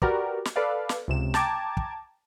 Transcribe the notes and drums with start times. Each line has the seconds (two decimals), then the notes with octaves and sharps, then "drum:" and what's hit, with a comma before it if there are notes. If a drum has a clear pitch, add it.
0.02 F#4 G4 A#4 B4 D5, drum: kick
0.45 drum: snare
0.56 A4 B4 D5 F5
0.89 drum: snare
1.08 C#2 C3 E7
1.34 G5 A5 A#5 D6 G#6, drum: snare
1.77 drum: kick